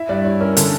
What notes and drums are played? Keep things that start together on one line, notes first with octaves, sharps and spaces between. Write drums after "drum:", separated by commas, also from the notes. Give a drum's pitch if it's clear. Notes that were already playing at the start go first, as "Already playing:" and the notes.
Already playing: E4 E5
G2 D5
E4 C#5
C#4 A#4
D3 A4, drum: hi-hat